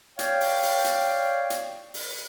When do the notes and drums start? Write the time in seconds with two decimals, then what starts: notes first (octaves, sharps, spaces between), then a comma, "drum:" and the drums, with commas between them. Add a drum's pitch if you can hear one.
0.19 C#5 D5 F5 G5, drum: hi-hat
0.41 drum: open hi-hat
0.63 drum: open hi-hat
0.84 drum: hi-hat
1.50 drum: hi-hat
1.94 drum: open hi-hat